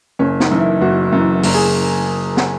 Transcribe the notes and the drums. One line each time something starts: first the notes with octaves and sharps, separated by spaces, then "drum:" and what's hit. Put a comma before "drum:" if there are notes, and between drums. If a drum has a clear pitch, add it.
F#1 C#4
D#4, drum: snare
F#2 E3
E4
F#1 F#4
F#2 E3
F#1 A#4, drum: open hi-hat
G#4
drum: snare